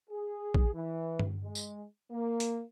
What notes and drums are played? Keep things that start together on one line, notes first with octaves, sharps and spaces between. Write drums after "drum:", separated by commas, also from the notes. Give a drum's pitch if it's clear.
G#4
drum: kick A#1
E3
drum: tom G2
G#3
drum: tambourine
A#3
drum: hi-hat